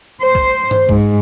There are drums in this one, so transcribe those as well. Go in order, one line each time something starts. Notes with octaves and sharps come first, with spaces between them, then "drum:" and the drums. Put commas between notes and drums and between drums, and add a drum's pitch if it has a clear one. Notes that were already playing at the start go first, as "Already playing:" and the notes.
C5
drum: kick
drum: tom G2
G#2, drum: kick